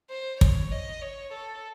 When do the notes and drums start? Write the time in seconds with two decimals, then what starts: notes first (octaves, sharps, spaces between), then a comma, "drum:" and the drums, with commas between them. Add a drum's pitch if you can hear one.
0.10 C5
0.41 C#5, drum: kick
0.72 D#5
1.02 C#5
1.33 A4